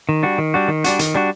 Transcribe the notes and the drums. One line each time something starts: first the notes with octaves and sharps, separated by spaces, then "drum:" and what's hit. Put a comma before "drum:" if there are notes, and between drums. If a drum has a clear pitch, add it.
D#3
G3 D4 F#4
D#3
G3 D4 F#4
D#3
G3 D4 F#4, drum: hi-hat
D#3, drum: hi-hat
G3 D4 F#4